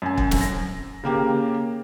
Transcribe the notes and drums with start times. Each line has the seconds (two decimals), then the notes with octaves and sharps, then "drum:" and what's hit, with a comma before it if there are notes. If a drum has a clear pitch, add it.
0.02 F#2 G#5
0.18 drum: kick
0.31 drum: snare
0.40 A#6
1.04 C#3 A#3 G4 A#4